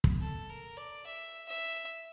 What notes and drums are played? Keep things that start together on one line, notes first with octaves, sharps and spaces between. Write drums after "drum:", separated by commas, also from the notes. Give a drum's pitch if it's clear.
drum: kick
A4
A#4
D5
E5
E5